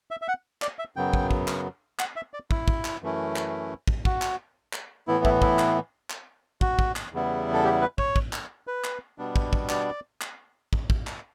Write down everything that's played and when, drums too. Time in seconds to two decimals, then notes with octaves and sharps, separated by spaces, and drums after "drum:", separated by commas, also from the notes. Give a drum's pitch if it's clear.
0.11 E5
0.22 E5
0.28 F#5
0.62 D5, drum: clap
0.79 E5
0.96 F#2 C#3 F#3 B3 G5
1.13 drum: kick
1.31 drum: kick
1.48 drum: clap
1.99 F#5, drum: clap
2.16 E5
2.34 D5
2.51 E4, drum: kick
2.68 drum: kick
2.85 drum: clap
3.02 F#2 E3 A3 C#4 E4
3.36 drum: clap
3.88 drum: kick
4.05 F#4, drum: kick
4.22 drum: clap
4.73 drum: clap
5.07 A2 E3 B3 E4
5.25 E4, drum: kick
5.42 E4, drum: kick
5.59 drum: clap
6.10 drum: clap
6.61 F#4, drum: kick
6.79 drum: kick
6.96 drum: clap
7.12 E2 C#3 G3 B3 E4
7.53 A4
7.64 G4
7.82 B4
7.98 C#5, drum: kick
8.16 drum: kick
8.33 drum: clap
8.67 B4
8.84 drum: clap
9.18 B2 G3 B3 D4
9.36 drum: kick
9.53 drum: kick
9.69 D5, drum: clap
10.21 drum: clap
10.73 drum: kick
10.90 drum: kick
11.07 drum: clap